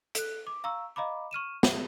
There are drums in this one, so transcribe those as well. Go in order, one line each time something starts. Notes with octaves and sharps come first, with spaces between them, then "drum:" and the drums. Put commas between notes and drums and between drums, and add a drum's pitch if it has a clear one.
A4 F#6, drum: hi-hat
D6
F5 A#5 C#6 E6
D#5 F5 A#5 B5 D6
C#6 F6 D#7 E7
E5, drum: snare